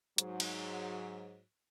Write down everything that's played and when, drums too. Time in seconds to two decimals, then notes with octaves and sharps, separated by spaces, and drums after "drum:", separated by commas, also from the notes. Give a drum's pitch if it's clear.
0.18 G#2 F#3, drum: hi-hat
0.40 drum: cymbal